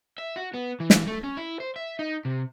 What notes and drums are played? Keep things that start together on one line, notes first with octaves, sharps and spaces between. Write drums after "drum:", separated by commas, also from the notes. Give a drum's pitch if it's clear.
E5
F#4
B3
E3
drum: snare
A3
C#4
E4
C5
E5
D#4
C3